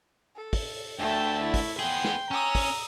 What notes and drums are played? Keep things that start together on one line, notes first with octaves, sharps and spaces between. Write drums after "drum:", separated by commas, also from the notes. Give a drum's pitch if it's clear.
A4
drum: kick, open hi-hat
D2 A3 E5 G5 A5
E4
drum: kick, open hi-hat
B3 G#4 G5 C6
drum: snare
C#4 A#5 D#6 E6
drum: kick, open hi-hat